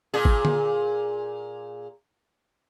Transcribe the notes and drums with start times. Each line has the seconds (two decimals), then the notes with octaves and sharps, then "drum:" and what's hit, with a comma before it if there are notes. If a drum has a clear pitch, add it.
0.14 A#2 G#4
0.25 drum: kick G#1
0.45 drum: tom D3